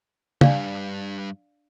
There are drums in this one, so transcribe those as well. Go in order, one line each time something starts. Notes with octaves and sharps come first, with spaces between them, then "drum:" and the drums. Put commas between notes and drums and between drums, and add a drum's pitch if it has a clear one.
C2 G2 D4 D5 F5, drum: tom